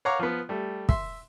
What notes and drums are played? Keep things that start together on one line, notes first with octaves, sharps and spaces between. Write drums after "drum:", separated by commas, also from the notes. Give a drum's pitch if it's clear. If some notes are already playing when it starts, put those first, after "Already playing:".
C#5 F5 F#5 A#5 C#6 D6
F3 B3
G3 A3
E5 C6, drum: kick